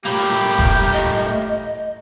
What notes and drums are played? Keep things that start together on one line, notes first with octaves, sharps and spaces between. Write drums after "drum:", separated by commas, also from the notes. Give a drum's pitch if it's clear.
A2 A#3 G4 B5
drum: kick F1
D#5